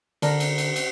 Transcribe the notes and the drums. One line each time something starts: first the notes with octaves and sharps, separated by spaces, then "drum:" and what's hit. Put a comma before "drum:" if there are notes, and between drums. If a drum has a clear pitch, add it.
D3 D4 A4 A#4, drum: cymbal
drum: cymbal
drum: cymbal
drum: cymbal